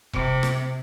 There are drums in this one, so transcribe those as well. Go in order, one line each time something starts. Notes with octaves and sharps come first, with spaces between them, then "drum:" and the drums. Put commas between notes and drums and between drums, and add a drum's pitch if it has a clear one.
C3, drum: kick E1
drum: rim click